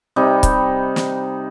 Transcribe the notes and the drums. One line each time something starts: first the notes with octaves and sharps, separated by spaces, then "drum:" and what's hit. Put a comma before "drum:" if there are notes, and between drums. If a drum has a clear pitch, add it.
C3 G3 D#4
drum: kick C#1, hi-hat
drum: snare